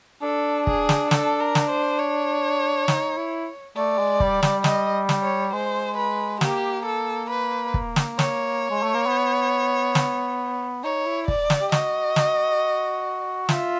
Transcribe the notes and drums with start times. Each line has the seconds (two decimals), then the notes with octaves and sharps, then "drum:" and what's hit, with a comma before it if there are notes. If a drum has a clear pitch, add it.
0.22 D4 A4
0.67 G#4, drum: kick
0.89 drum: snare
1.11 A4, drum: snare
1.40 A#4
1.55 drum: snare
1.70 C5
1.99 C#5
2.88 D#4, drum: snare
3.17 E4
3.76 A3 D5
3.99 G#3
4.20 G3, drum: kick
4.43 G3, drum: snare
4.64 D#5, drum: snare
5.09 drum: snare
5.23 C#5
5.53 G#3 C5
5.97 B4
6.41 A#3 G4, drum: snare
6.86 A4
7.30 B4
7.74 drum: kick
7.96 drum: snare
8.19 C#5, drum: snare
8.70 G#3
8.83 A3
8.94 A#3
9.06 B3
9.95 drum: snare
10.83 D#4 C#5
11.06 E4
11.28 D5, drum: kick
11.50 drum: snare
11.61 G4
11.72 F#4 D#5, drum: snare
12.16 drum: snare
13.49 F4 E5, drum: snare